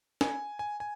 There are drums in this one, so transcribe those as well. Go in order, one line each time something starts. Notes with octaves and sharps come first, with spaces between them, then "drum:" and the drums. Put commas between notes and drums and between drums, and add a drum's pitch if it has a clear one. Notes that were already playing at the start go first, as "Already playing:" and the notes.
G#5, drum: snare
G#5
G#5